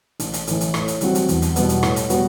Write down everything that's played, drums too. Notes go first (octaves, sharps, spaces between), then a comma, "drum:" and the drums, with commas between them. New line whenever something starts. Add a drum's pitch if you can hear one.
A1, drum: hi-hat
drum: hi-hat
A2 E3, drum: hi-hat
drum: hi-hat
A2, drum: rim click
drum: hi-hat
E3 G3 C4 F#4, drum: hi-hat
drum: hi-hat
E2, drum: hi-hat
drum: hi-hat
B2 G3 B3, drum: hi-hat
drum: hi-hat
A2, drum: rim click
drum: hi-hat
G3 B3 F#4, drum: hi-hat